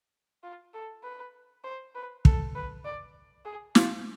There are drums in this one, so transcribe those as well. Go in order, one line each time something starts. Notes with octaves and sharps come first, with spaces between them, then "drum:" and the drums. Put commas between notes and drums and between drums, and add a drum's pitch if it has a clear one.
F4
A4
B4
C5
B4
A4, drum: kick
B4
D5
G#4
F4, drum: snare